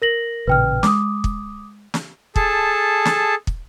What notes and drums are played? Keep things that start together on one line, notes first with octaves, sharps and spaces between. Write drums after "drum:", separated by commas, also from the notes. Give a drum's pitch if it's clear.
A#4 A#6 F#7
A1 A#2 C#3 B4 G5 F6
G#3 D6 D#6, drum: snare
drum: kick
drum: snare
G#4 A4 A5, drum: kick
drum: snare
drum: kick